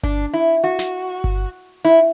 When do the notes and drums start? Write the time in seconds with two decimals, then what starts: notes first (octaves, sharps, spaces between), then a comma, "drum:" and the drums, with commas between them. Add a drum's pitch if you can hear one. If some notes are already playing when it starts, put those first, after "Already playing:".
0.03 D4, drum: kick G1
0.33 E4
0.64 F#4
0.79 drum: snare
1.24 drum: kick G1
1.85 E4